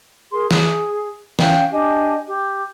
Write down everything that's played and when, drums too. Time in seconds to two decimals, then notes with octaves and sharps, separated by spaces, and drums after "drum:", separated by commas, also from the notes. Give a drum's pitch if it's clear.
0.31 G#4 A#4 C6
0.51 G#4, drum: snare
1.39 C#4 F5 G5, drum: snare
1.71 D4 G4 D#5 G#5
2.27 G4